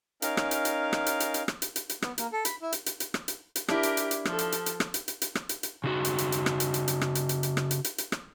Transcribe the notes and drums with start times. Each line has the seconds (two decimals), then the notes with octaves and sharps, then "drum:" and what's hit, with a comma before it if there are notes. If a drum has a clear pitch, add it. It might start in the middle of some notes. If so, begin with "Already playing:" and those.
0.22 C#4 D#4 A#4 F5, drum: hi-hat
0.37 drum: rim click
0.51 drum: hi-hat
0.65 drum: hi-hat
0.93 drum: rim click
1.06 drum: hi-hat
1.20 drum: hi-hat
1.34 drum: hi-hat
1.48 drum: rim click
1.62 drum: hi-hat
1.76 drum: hi-hat
1.89 drum: hi-hat
2.02 B3, drum: rim click
2.18 A#3, drum: hi-hat
2.33 A4
2.45 B5, drum: hi-hat
2.62 E4
2.72 drum: hi-hat
2.86 drum: hi-hat
3.00 drum: hi-hat
3.14 drum: rim click
3.28 drum: hi-hat
3.56 drum: hi-hat
3.68 D4 E4 G4 A#4, drum: rim click
3.83 drum: hi-hat
3.97 drum: hi-hat
4.11 drum: hi-hat
4.25 F3 A4, drum: rim click
4.39 drum: hi-hat
4.52 drum: hi-hat
4.66 drum: hi-hat
4.80 drum: rim click
4.94 drum: hi-hat
5.08 drum: hi-hat
5.22 drum: hi-hat
5.35 drum: rim click
5.49 drum: hi-hat
5.63 drum: hi-hat
5.84 C#3 D#4 F#4
6.05 drum: hi-hat
6.18 drum: hi-hat
6.32 drum: hi-hat
6.46 drum: rim click
6.60 drum: hi-hat
6.74 drum: hi-hat
6.88 drum: hi-hat
7.01 drum: rim click
7.15 drum: hi-hat
7.29 drum: hi-hat
7.43 drum: hi-hat
7.57 drum: rim click
7.71 drum: hi-hat
7.84 drum: hi-hat
7.98 drum: hi-hat
8.12 drum: rim click